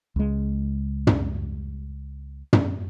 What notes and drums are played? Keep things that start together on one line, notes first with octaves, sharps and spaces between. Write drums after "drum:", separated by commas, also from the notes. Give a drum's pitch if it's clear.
C#2 G#3
drum: tom
drum: tom